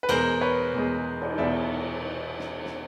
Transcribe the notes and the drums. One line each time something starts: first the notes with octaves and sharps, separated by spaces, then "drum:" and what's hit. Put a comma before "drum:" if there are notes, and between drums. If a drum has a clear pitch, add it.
B4
E2 B2 G#3 A#4 C5, drum: cymbal
B4 C#5
E2 B2 G#3
drum: cymbal
E2 B2 G#3 D5 E5
drum: snare
drum: snare